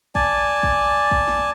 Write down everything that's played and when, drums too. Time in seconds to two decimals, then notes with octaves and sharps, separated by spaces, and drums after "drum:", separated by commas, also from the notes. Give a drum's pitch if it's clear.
0.15 D5 G#5 A5, drum: kick
0.63 drum: kick
1.11 drum: kick
1.27 drum: snare